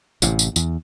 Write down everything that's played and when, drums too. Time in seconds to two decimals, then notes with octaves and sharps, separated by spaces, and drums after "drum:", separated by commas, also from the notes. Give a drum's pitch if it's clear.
0.22 A1 A2 C3, drum: tambourine
0.39 drum: tambourine
0.56 E2, drum: tambourine